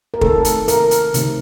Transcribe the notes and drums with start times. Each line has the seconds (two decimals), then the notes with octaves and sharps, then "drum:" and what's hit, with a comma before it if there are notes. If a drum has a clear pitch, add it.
0.14 A#4
0.21 C3 D#3 A3 A4, drum: kick
0.45 drum: hi-hat
0.68 A#4, drum: hi-hat
0.91 drum: hi-hat
1.14 C3 D#3 A3, drum: hi-hat